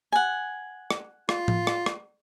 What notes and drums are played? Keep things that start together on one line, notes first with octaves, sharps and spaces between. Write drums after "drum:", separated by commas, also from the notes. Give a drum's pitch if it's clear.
F#5 G#5
drum: rim click
F4, drum: rim click
drum: tom A2
drum: rim click
drum: rim click